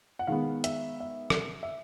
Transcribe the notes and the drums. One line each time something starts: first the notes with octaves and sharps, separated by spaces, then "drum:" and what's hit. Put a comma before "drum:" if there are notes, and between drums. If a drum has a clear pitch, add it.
F#5
D#3 G#3 B3 F5
E5, drum: hi-hat
E5
drum: rim click
E5